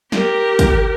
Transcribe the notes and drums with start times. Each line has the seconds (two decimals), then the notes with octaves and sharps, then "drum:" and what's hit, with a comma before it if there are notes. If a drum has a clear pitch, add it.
0.12 G4 A#4, drum: snare
0.59 drum: kick, hi-hat